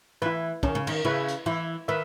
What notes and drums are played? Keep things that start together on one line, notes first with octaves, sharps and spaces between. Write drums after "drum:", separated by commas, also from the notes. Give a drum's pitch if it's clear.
E3 E4 B4
D#3 C#4, drum: kick
C#3
D#3, drum: cymbal
C#3 E4 B4
drum: hi-hat
E3 E4
D#3 B4 E5